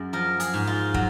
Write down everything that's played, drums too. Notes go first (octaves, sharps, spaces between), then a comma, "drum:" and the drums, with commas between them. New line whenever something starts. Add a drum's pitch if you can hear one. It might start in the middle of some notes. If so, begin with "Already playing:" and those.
Already playing: F#2 G#4
F3 A#4
G#4, drum: hi-hat
G#2
F4
F#3, drum: kick